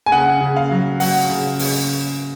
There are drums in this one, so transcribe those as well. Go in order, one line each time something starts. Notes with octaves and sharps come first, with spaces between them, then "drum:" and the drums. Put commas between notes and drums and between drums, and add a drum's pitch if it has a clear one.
G#5
C#3 F#5
C#3
F5
F#3
F#3 F#5, drum: open hi-hat
C#3
C#3, drum: open hi-hat